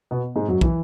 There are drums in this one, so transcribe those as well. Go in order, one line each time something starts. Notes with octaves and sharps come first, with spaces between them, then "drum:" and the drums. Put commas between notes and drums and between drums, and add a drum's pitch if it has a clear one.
B2 B3
G#2 G#3
F#2 F#3
E3, drum: kick